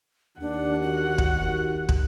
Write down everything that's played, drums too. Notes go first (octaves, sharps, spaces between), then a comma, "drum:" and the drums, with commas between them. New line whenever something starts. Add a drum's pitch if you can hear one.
D#2 D4 F#5
F#4
drum: kick
drum: kick